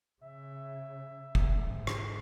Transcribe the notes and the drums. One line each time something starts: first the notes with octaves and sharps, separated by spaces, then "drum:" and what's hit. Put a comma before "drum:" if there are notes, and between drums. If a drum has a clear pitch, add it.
C#3 E5
drum: kick
G#2
drum: rim click